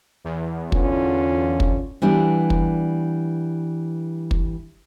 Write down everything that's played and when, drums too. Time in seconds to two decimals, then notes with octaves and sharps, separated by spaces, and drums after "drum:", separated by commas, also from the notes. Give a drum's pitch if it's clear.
0.24 E2
0.72 D3 C#4 F4, drum: kick
1.60 drum: kick
2.02 E3 G3 B3 D4
2.50 drum: kick
4.31 drum: kick